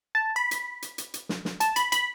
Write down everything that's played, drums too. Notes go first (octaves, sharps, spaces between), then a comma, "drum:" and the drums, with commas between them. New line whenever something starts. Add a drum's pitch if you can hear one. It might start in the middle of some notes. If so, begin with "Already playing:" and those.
A5
B5
drum: hi-hat
drum: hi-hat
drum: hi-hat
drum: hi-hat
drum: snare
drum: snare
A5, drum: hi-hat
B5, drum: hi-hat
B5, drum: hi-hat